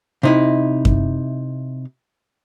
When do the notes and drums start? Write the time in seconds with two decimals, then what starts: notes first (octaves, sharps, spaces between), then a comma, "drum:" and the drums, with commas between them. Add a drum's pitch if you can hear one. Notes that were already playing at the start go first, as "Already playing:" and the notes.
0.23 C3 D#4 E4
0.85 drum: kick F#2